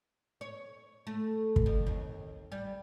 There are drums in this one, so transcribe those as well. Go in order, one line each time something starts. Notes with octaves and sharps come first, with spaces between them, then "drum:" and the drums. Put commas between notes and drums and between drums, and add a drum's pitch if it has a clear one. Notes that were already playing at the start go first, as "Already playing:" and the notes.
C#5
A3
drum: kick
F2
D#2
G3